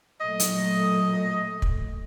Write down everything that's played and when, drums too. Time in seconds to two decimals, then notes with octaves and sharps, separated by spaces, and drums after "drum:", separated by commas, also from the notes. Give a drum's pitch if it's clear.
0.21 A#2 F#3 A3 D#5
0.40 drum: hi-hat
1.62 drum: kick